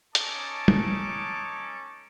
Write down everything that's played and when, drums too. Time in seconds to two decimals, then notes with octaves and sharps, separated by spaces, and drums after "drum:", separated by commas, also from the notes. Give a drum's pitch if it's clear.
0.15 C#4 D#4 A4 A5 D6, drum: hi-hat
0.68 drum: tom